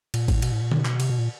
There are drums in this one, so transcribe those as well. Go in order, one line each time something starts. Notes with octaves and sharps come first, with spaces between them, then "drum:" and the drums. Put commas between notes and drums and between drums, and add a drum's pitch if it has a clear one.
A#2, drum: cymbal
A2, drum: kick A1, cymbal
B2, drum: cymbal
A2
A#2
B2, drum: tom D3
drum: clap
C3, drum: cymbal
B2
A#2